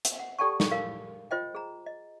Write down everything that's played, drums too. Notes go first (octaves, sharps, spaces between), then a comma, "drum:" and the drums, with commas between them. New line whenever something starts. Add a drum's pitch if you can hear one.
drum: hi-hat
F#5
G4 A4 D5 G5 A5 C#6
drum: snare
A#4 F5
F4 C5 D#5 G5
G#4 A#5
D#5